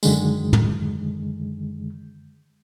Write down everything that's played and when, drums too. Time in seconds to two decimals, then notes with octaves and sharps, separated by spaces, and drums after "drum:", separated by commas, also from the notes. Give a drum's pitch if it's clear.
0.03 F#2 D3 D#3 G#3, drum: tambourine
0.53 drum: tom